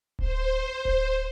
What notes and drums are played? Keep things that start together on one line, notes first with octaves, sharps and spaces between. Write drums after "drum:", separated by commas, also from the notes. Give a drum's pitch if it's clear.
C5, drum: kick D1
drum: kick D1